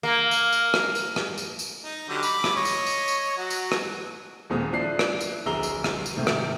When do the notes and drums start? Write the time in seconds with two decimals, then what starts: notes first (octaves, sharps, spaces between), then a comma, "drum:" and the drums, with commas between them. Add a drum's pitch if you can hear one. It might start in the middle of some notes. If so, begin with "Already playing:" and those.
0.03 A#3
0.31 drum: tambourine
0.52 drum: tambourine
0.74 drum: rim click
0.95 drum: tambourine
1.16 drum: rim click
1.38 drum: tambourine
1.59 drum: tambourine
1.84 D#4
2.09 D3 F#3 G3
2.23 B5 D6, drum: tambourine
2.44 drum: rim click
2.56 C#5 D#5
2.65 drum: tambourine
2.87 drum: tambourine
3.08 drum: tambourine
3.38 F#3 F#4
3.50 drum: tambourine
3.72 drum: rim click
4.50 D#1 A#2 G#3 C4 D#6
4.72 F3 D4 E4 F#6 C7
4.99 drum: rim click
5.21 drum: tambourine
5.46 D1 A#1 G#4 A#5 E6 G7
5.63 drum: tambourine
5.84 drum: rim click
6.06 drum: tambourine
6.16 G#2 C3 D#3 A3
6.27 drum: rim click